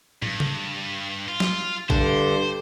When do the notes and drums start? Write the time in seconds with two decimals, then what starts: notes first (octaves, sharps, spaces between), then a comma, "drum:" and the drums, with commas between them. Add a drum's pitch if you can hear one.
0.22 G2, drum: tom
0.40 drum: tom C#3
1.28 F4
1.40 drum: snare
1.90 G2 D3 C5, drum: kick